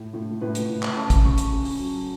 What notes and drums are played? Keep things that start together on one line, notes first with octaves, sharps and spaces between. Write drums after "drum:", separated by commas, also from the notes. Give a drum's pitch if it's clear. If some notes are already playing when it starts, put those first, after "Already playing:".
Already playing: A2
A2
A2 B4
drum: hi-hat
A2
drum: clap
C#3 A5
drum: kick, hi-hat
C#3 C#6
drum: hi-hat
C#3
drum: open hi-hat
F#3